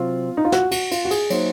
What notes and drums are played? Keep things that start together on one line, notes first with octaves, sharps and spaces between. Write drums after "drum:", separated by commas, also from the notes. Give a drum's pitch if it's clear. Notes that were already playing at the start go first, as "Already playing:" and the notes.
Already playing: C3 F#3 C4 F4
D#4
F4
F#4, drum: snare
F#4, drum: cymbal
F4, drum: cymbal
F#4
G#4, drum: cymbal
F#3 A#3 D#4 F#4 C5 C#5, drum: cymbal